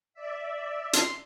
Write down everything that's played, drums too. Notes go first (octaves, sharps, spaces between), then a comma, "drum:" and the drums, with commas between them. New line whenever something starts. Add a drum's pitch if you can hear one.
D5 E5
C6, drum: hi-hat